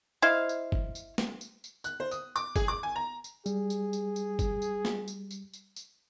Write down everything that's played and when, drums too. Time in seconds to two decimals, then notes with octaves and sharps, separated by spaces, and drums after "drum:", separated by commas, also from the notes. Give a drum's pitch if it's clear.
0.22 E4 C5 D#5 F5
0.49 drum: tambourine
0.72 drum: kick
0.95 drum: tambourine
1.18 drum: snare
1.41 drum: tambourine
1.64 drum: tambourine
1.84 F#6, drum: tambourine
2.00 C5
2.11 D#6, drum: tambourine
2.36 D6, drum: tambourine
2.56 G#4, drum: kick, tambourine
2.68 D6
2.83 G#5
2.96 A#5
3.24 drum: tambourine
3.46 G3 G#4, drum: tambourine
3.70 drum: tambourine
3.93 drum: tambourine
4.16 drum: tambourine
4.39 drum: kick, tambourine
4.62 drum: tambourine
4.85 drum: snare
5.08 drum: tambourine
5.31 drum: tambourine
5.54 drum: tambourine
5.76 drum: tambourine